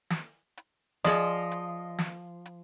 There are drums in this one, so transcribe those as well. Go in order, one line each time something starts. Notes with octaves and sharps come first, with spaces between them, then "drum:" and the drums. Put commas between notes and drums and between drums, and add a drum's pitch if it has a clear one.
drum: snare
drum: hi-hat
F3 G#4 D5 D#5, drum: snare
drum: hi-hat
drum: snare
drum: hi-hat